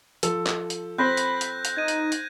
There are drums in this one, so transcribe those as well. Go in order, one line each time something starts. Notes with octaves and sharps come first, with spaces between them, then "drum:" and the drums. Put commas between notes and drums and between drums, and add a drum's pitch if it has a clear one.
F3 A4, drum: hi-hat
drum: clap
drum: hi-hat
C4 C5 B5 F#6 G6 A#6
drum: hi-hat
drum: hi-hat
drum: hi-hat
D#4 G#6 D#7
drum: hi-hat
drum: hi-hat